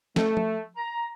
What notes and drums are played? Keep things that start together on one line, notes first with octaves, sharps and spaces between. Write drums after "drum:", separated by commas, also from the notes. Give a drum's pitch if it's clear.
A3, drum: snare
drum: tom F3
A#5